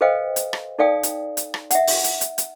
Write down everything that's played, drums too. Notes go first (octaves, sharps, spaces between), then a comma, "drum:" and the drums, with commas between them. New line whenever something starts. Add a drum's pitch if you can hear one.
A4 B4 C5 D#5 F5 G5
drum: hi-hat
drum: rim click
D#4 A4 D5 F5 G5 D#6
drum: hi-hat
drum: hi-hat
drum: rim click
E5 F#5, drum: hi-hat
drum: open hi-hat
drum: hi-hat
drum: hi-hat
drum: hi-hat